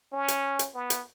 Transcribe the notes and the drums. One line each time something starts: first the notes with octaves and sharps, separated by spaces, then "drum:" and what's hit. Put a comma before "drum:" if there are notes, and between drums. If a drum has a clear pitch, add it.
C#4
drum: hi-hat
drum: hi-hat
B3
drum: hi-hat